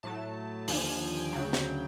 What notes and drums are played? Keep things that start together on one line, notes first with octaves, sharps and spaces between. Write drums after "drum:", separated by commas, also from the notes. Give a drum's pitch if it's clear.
A2 F#3 A3 A5
D#2 D3 F3 G#5, drum: open hi-hat
G#5
G5
D2 C#3 F#3
drum: snare